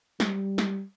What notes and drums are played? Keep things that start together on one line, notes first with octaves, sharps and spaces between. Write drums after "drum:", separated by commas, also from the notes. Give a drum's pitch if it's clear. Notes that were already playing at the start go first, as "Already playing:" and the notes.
G3, drum: snare
drum: snare